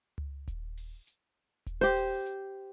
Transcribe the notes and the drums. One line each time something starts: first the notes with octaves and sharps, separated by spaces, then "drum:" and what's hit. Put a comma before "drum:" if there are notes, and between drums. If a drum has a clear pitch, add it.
drum: tom C#2
drum: kick D#1, hi-hat
drum: open hi-hat
drum: hi-hat
drum: kick D#1, hi-hat
G4 C5, drum: hi-hat
drum: open hi-hat
drum: hi-hat